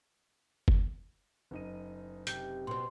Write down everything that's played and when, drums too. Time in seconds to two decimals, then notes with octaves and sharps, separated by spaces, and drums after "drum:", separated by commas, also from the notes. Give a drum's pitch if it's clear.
0.68 drum: kick F#1
1.51 F#1 D#4 D#7
2.27 C3 G6, drum: hi-hat
2.67 B2 C4 C6